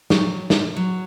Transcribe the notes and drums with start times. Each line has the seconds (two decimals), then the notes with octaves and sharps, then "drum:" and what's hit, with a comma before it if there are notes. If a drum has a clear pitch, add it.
0.10 F#3, drum: snare
0.50 drum: snare
0.76 F#3